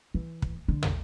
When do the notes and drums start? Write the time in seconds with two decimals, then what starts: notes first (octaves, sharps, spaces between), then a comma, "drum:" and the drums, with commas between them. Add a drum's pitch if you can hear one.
0.14 E3
0.42 drum: kick
0.68 D3
0.83 drum: tom